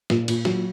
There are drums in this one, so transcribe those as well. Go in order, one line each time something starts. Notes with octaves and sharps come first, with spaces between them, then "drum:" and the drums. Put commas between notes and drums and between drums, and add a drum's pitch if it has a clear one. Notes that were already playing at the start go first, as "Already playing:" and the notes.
A#2, drum: snare
A#2, drum: cymbal
F#3, drum: snare